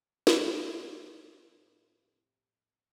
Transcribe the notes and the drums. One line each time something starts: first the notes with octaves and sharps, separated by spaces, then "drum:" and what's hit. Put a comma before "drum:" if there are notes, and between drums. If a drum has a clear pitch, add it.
drum: snare
C3
D#3 B3 C#4
F2 A2